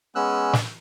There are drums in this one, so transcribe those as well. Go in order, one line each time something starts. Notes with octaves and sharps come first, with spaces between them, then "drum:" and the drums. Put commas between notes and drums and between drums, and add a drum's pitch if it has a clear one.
G#3 B3 C#4 E6 F#6
drum: snare